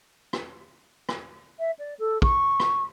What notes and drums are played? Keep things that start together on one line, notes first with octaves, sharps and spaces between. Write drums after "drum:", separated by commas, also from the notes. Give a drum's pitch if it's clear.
drum: rim click
drum: rim click
E5
D5
A4
C#6, drum: kick
drum: rim click